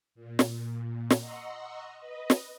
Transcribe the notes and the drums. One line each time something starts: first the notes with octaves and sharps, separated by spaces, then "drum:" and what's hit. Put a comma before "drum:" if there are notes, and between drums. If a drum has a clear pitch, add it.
A#2
drum: snare
drum: snare
D#5 F#5 A#5 C6 C#6 E6
B4 D#5
drum: snare